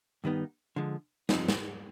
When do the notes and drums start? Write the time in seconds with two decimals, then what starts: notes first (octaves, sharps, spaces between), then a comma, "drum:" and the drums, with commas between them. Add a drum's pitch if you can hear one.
0.24 G2 D#3 G3 B3 D#4
0.76 D3 F3 G#3
1.29 G2 F3 C4 D#4, drum: snare
1.48 drum: snare